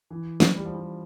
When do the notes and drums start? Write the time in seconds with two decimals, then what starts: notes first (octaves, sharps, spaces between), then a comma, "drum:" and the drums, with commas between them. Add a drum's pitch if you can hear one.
0.10 E3
0.40 drum: snare
0.55 G3
0.65 F3
0.74 G3